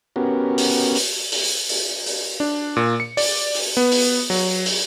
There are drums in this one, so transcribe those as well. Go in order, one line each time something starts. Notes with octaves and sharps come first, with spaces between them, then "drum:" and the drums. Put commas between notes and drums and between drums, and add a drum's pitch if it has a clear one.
B3 C#4 F#4 G4 A#4
drum: open hi-hat
drum: open hi-hat
drum: open hi-hat
drum: open hi-hat
drum: open hi-hat
D4
A#2
C#7
D5, drum: open hi-hat
drum: open hi-hat
B3
drum: open hi-hat
F#3, drum: open hi-hat
drum: open hi-hat